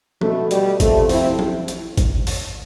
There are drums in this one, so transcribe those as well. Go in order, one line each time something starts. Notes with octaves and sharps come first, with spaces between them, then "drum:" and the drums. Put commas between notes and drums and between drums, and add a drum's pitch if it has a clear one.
B2 A3, drum: tom F3
G3, drum: hi-hat
C3 F3 A3, drum: kick G#1, hi-hat
C4 E4, drum: open hi-hat
drum: tom F3
drum: hi-hat
drum: kick G#1, hi-hat
drum: open hi-hat